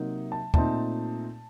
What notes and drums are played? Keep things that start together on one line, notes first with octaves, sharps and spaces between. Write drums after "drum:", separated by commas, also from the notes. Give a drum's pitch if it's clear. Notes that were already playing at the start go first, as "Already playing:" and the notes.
Already playing: C3 F#3 A#3 D#4
A5
A#2 A3 C4 D#4 A5, drum: kick